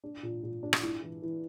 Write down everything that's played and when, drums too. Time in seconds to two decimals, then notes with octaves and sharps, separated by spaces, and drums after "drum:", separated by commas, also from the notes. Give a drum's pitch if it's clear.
0.04 D4
0.23 A#2
0.43 A#2
0.63 D4
0.73 drum: rim click
0.82 E4
1.02 E3
1.22 E3